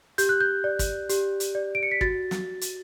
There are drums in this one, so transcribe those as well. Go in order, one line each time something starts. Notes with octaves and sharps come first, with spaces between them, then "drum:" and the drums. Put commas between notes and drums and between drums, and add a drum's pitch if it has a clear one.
G4 G6, drum: hi-hat
F#6
G6
D5
drum: kick, hi-hat
G4, drum: hi-hat
drum: hi-hat
D5
D7
C#7
B6
F#4 A6, drum: kick
drum: snare
drum: hi-hat